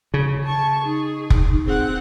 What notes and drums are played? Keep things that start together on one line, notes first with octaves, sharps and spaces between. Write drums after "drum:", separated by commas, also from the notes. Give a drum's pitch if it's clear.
C#3
A5 C#6
D#4 G#4
drum: kick F1
C4 G#4 F#5